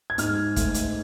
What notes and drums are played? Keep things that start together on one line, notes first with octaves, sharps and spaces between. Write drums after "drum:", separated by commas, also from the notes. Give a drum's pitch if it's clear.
G#6
G#2 F6, drum: hi-hat
A3, drum: kick, hi-hat
drum: hi-hat